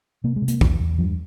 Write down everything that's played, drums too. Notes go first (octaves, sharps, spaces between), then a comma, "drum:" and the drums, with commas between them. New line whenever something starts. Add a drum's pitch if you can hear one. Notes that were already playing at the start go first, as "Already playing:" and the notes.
C3 A#3
G#3
C3
A#3, drum: hi-hat
E2, drum: kick
E2
G2 F3